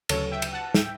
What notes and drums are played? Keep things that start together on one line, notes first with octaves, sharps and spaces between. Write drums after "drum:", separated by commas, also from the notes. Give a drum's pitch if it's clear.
D2 C#3 F#3 A4 C#5, drum: cymbal
E5 G5
drum: cymbal
F#5 A5
E5 G5, drum: snare